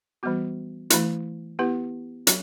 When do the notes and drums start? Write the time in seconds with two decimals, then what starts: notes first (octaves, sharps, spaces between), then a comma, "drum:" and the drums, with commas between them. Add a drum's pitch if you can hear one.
0.23 E3 G3 B3 F#4
0.90 E3 A3 E4, drum: hi-hat
1.59 B3 E4 G4 B4
2.27 F#3, drum: hi-hat